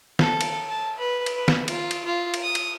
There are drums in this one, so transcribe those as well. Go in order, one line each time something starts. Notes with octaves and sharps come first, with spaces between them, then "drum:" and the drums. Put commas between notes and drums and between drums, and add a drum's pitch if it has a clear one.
A4, drum: snare
drum: cymbal
A5
B4
drum: cymbal
B4
drum: snare
F4, drum: cymbal
drum: cymbal
F4
drum: cymbal
D#6
drum: cymbal